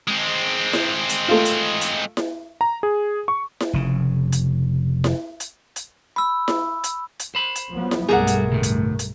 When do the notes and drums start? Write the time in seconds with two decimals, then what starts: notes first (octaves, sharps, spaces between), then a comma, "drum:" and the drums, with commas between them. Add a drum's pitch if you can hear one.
0.08 G#3 C4
0.73 drum: snare E4
1.09 drum: hi-hat
1.28 A3 F4
1.45 drum: hi-hat
1.81 drum: hi-hat
2.17 drum: snare E4
2.61 A#5
2.83 G#4
3.28 C#6
3.60 drum: snare E4
3.73 F1 C#3
4.32 drum: hi-hat
5.04 drum: snare E4
5.40 drum: hi-hat
5.76 drum: hi-hat
6.16 B5 E6
6.48 drum: snare E4
6.84 drum: hi-hat
7.19 drum: hi-hat
7.35 C5 B5
7.55 drum: hi-hat
7.73 F3 F#3 B3
7.91 drum: snare E4
8.09 B1 G2 G3 A3 G#4 A#4 F#5
8.27 drum: hi-hat
8.52 D2 A2 C#3
8.63 drum: hi-hat
8.99 drum: hi-hat